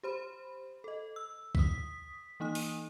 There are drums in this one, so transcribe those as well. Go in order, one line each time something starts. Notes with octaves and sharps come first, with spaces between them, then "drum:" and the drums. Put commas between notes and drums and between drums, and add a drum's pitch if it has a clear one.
G4 C5 B5
A4 D#5
E6
D#6 B6, drum: kick B1
E3 A#3 D#4 D#6
drum: open hi-hat